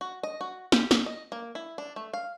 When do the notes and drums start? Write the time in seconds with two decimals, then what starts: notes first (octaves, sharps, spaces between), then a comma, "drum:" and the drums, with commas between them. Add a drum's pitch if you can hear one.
0.01 F#4
0.23 D#5
0.41 F#4
0.72 G4, drum: snare
0.91 drum: snare
1.06 D#5
1.32 A#3
1.55 E4
1.78 D4
1.96 A3
2.14 F5